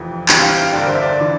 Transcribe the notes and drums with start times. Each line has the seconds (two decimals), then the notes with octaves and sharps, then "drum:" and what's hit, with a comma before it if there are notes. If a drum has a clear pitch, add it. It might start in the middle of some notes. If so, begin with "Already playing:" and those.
Already playing: F1 F2 E3
0.29 C2 C3 E3 G5, drum: clap
0.39 F5
0.57 G5
0.62 F5
0.72 G1 G2 D3 D5
0.82 A#4
0.87 C5
0.95 E5
1.02 D5
1.21 E3